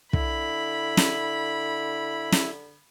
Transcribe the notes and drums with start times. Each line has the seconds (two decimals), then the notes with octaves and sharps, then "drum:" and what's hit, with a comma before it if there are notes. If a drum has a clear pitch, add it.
0.13 D3 E4 B5, drum: kick
0.97 drum: snare
2.32 drum: snare